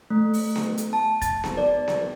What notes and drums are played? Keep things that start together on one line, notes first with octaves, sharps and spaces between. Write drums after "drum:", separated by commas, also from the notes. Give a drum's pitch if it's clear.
A3
drum: open hi-hat
drum: snare B3
drum: hi-hat
A5
A6, drum: kick F1, hi-hat
drum: snare B3
D5
drum: snare B3